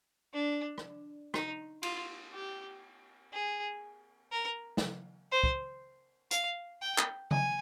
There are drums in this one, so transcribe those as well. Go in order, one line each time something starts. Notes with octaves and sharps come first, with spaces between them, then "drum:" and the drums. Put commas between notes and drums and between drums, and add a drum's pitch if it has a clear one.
D4
drum: rim click
D#4, drum: rim click
F4, drum: cymbal
G4
G#4
A#4
drum: snare
C5
drum: kick
F5, drum: hi-hat
G5
drum: clap
G#5, drum: tom C#3